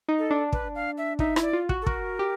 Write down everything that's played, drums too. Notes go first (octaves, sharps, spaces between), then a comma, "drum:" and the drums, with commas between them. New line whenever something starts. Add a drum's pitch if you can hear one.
D#4
A4
D4
B4, drum: kick
F5
E5
D#4 E5, drum: kick
E4, drum: rim click
D5
F4
F#4, drum: kick
A4
F#4 A#4, drum: kick
G4